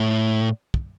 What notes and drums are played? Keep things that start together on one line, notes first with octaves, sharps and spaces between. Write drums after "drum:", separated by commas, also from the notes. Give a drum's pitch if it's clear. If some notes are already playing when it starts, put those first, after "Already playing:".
Already playing: A2
drum: kick